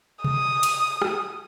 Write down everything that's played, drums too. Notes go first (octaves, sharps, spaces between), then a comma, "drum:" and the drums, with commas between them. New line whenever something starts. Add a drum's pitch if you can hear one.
D#6, drum: tom C3
drum: hi-hat
drum: rim click